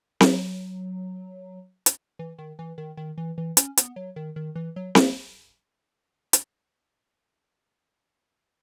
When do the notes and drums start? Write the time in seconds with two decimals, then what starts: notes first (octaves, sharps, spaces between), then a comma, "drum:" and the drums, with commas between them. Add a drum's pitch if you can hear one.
0.21 F#3, drum: snare C4
1.86 drum: hi-hat
2.19 E3
2.38 D#3
2.59 E3
2.78 D#3
2.97 D#3
3.18 E3
3.38 E3
3.57 C#4, drum: hi-hat
3.77 B3, drum: hi-hat
3.96 F#3
4.16 D#3
4.36 D#3
4.55 E3
4.76 F#3
4.95 A#3, drum: snare C4
6.33 drum: hi-hat